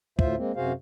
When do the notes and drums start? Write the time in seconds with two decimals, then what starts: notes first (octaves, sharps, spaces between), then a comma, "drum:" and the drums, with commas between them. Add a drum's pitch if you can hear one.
0.19 D2 A2 F4 C5 E5, drum: kick
0.37 G#3 A#3 C4
0.56 F#2 C3 F#4 G#4 C5 F5